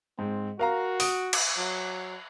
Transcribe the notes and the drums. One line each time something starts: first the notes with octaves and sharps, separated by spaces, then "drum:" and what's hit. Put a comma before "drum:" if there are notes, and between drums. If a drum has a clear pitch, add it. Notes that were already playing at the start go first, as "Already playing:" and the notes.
G#2 C4
F#4 A#4 F5 A#5
D#6 D7, drum: open hi-hat
drum: cymbal
F#3